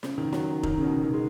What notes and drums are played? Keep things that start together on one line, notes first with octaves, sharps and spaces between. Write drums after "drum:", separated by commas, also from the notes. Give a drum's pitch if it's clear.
C#3, drum: snare
D#3
F#3, drum: snare
D#3, drum: kick F1
C#3
B2
C#3
D#3
G#3